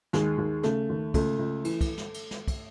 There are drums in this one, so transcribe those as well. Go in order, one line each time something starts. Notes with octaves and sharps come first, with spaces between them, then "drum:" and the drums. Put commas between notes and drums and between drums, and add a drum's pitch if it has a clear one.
D#2 G#3, drum: snare
D#2
C#3 A3, drum: snare
D#2
C#2 A3, drum: kick, cymbal
C#2
E3, drum: cymbal
drum: kick, cymbal
drum: snare
drum: cymbal
drum: snare
drum: kick, cymbal